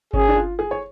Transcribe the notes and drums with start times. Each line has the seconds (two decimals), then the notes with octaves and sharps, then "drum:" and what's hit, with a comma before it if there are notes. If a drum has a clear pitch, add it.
0.14 C#4 G#4, drum: kick G1
0.28 D4
0.36 F4
0.59 G#4
0.71 C#5